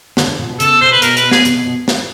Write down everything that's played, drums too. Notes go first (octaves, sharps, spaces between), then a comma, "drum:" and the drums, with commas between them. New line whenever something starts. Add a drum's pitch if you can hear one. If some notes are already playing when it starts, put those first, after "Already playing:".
D3, drum: snare
D3
A#2
B2
C#3 A4, drum: hi-hat
B2 C5
B4
B2 A#4, drum: hi-hat
B4, drum: hi-hat
G#4, drum: snare
C3, drum: hi-hat
B2
B2
drum: snare